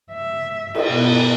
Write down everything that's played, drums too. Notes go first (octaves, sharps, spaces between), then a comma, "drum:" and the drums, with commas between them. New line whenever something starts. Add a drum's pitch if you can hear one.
E5
drum: cymbal
B2